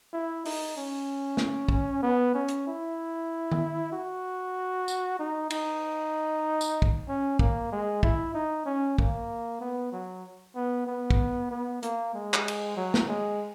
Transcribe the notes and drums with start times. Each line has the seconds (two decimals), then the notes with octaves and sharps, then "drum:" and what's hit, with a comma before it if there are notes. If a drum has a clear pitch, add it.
0.13 E4
0.45 D#4, drum: open hi-hat
0.77 C#4
1.37 drum: snare
1.68 drum: kick
2.03 B3
2.34 C#4
2.48 drum: hi-hat
2.67 E4
3.52 drum: tom D#3
3.92 F#4
4.88 drum: tambourine
5.20 D#4
5.50 D#4, drum: cymbal
6.61 drum: tambourine
6.82 drum: kick
7.08 C#4
7.39 A#3, drum: kick
7.72 G#3
8.03 E4, drum: kick
8.34 D#4
8.66 C#4
8.99 A#3, drum: kick
9.61 B3
9.92 F#3
10.55 B3
10.87 B3
11.11 drum: kick
11.51 B3
11.83 A#3, drum: hi-hat
12.14 G#3
12.34 drum: clap
12.48 drum: cymbal
12.76 F#3
12.94 drum: snare
13.08 G#3